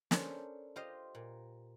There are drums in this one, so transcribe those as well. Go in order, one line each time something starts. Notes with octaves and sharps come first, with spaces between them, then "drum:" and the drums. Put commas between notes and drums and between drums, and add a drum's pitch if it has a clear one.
C#4 D4 A4 A#4 C5, drum: snare
F4 G4 C5 D#5 F5
A#2